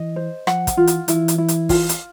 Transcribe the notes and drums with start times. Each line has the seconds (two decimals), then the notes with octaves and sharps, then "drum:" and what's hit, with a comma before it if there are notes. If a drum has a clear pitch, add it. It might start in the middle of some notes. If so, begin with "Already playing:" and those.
Already playing: E3 D#5
0.16 C5
0.47 F3 F#5, drum: rim click
0.67 drum: kick, hi-hat
0.77 E3 F4
0.87 drum: hi-hat
1.08 E3 E4, drum: hi-hat
1.28 drum: hi-hat
1.38 E4
1.48 drum: hi-hat
1.69 F4, drum: kick, open hi-hat
1.89 drum: hi-hat